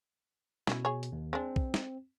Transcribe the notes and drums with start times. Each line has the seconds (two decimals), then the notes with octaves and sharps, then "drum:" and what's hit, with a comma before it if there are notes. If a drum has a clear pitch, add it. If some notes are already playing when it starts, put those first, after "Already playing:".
0.67 B2 C#4 E4, drum: snare
0.85 G#4 C#5
1.03 drum: hi-hat
1.12 D#2
1.33 G#3 C4 D4
1.56 drum: kick B1
1.74 drum: snare